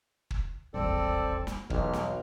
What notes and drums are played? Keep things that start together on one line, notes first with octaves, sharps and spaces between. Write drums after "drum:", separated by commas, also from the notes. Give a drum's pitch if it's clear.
drum: kick
D#1 G#1 E2 C4 A4 D5
drum: snare
B1 E2 F6, drum: kick
drum: snare